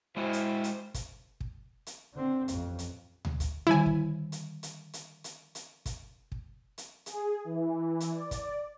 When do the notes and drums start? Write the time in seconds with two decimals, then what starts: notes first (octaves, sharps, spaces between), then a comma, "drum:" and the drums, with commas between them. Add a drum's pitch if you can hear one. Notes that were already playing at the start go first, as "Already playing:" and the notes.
0.17 G#3 E4 F#4 C5
0.33 drum: hi-hat
0.64 drum: hi-hat
0.94 drum: kick, hi-hat
1.40 drum: kick
1.87 drum: hi-hat
2.14 D3 C4
2.48 A1 F2, drum: hi-hat
2.79 drum: hi-hat
3.25 drum: tom D2
3.40 drum: kick, hi-hat
3.67 D3 D#3 G3 E4 G#5
3.86 drum: kick
4.32 drum: hi-hat
4.63 drum: hi-hat
4.93 drum: hi-hat
5.24 drum: hi-hat
5.55 drum: hi-hat
5.86 drum: kick, hi-hat
6.32 drum: kick
6.78 drum: hi-hat
7.06 G#4, drum: hi-hat
7.44 E3
8.00 drum: hi-hat
8.11 D5
8.31 drum: kick, hi-hat